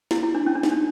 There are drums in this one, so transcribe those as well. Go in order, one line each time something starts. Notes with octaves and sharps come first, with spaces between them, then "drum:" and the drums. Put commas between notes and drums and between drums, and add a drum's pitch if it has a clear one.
E4, drum: snare
E4
D4
C#4
D4
D#4, drum: snare
D4